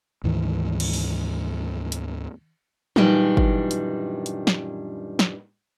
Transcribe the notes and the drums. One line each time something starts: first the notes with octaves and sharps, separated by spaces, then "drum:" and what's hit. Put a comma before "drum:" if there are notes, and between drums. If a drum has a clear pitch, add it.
D2 G#2 D#3 E3
drum: cymbal
drum: open hi-hat
drum: hi-hat
F#2 A#2 D#3 E3 G3 D4, drum: tom
drum: kick
drum: hi-hat
drum: hi-hat
drum: snare
drum: snare